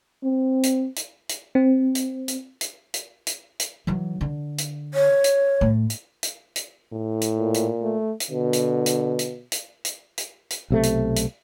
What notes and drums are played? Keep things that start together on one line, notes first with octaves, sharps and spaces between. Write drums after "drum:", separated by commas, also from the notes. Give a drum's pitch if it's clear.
C4
drum: hi-hat
drum: hi-hat
drum: hi-hat
C4
drum: hi-hat
drum: hi-hat
drum: hi-hat
drum: hi-hat
drum: hi-hat
drum: hi-hat
E3 F#3
D3
drum: hi-hat
C#5
drum: hi-hat
A2
drum: hi-hat
drum: hi-hat
drum: hi-hat
A2
drum: hi-hat
A#2
drum: hi-hat
A3
drum: hi-hat
B2 D3
drum: hi-hat
drum: hi-hat
drum: hi-hat
drum: hi-hat
drum: hi-hat
drum: hi-hat
drum: hi-hat
B1 C3 A3
drum: hi-hat
drum: hi-hat